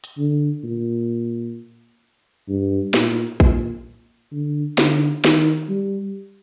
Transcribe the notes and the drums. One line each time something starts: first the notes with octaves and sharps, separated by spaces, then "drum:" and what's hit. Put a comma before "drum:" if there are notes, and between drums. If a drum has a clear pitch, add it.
drum: hi-hat
D3
A#2
G2
A#2, drum: snare
A#2, drum: kick A1
D3
D3, drum: snare
D#3, drum: snare
G3